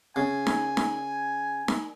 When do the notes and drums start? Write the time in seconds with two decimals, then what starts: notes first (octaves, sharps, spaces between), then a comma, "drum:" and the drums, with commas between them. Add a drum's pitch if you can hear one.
0.16 C#3 G#5
0.47 drum: snare D#4
0.77 drum: snare D#4
1.68 drum: snare D#4